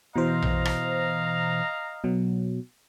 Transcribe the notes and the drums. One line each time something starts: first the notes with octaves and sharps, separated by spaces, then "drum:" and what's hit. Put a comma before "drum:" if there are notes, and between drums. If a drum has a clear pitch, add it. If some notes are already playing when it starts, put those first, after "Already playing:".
B2 E3 C5 D#5 F5 A#5
drum: tom A#1
drum: rim click
B2 F#3